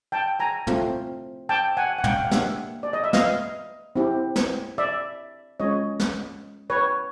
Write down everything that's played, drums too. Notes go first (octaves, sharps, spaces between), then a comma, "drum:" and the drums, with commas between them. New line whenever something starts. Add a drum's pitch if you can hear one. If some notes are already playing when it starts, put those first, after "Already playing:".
G5 A5
G#5 A#5
A3 C4 F4, drum: tom
G5 A5
F#5 G#5
F#5
F5 G5, drum: tom
F5
A#3 D4 G4 E5 F#5, drum: snare
D5
D#5
E5
D#5 F5, drum: snare
C4 E4 G4
drum: snare
D5 E5
G#3 C#4 F4 C#5 D#5
drum: snare
B4 C#5